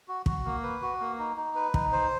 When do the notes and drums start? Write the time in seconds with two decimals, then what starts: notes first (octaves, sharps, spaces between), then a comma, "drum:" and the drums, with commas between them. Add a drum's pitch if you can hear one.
0.08 F#4
0.26 F#4, drum: kick
0.45 A#3
0.63 B4
0.82 F#4
1.01 A#3
1.19 D#4
1.37 D#4
1.55 B4
1.74 D#4, drum: kick
1.92 C5